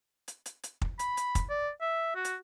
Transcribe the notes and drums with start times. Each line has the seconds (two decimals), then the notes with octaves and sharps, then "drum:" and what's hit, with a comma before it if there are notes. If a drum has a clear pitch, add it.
0.28 drum: hi-hat
0.46 drum: hi-hat
0.64 drum: hi-hat
0.82 drum: kick
0.99 B5, drum: hi-hat
1.17 drum: hi-hat
1.35 drum: kick, hi-hat
1.50 D5
1.81 E5
2.16 F#4
2.25 drum: hi-hat